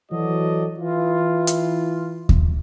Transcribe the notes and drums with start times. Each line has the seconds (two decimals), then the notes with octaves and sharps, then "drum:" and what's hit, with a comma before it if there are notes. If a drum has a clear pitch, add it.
0.11 E3 F#3 F#4 A4 D5 D#5
0.78 E3 F4
1.47 drum: hi-hat
2.29 drum: kick D#2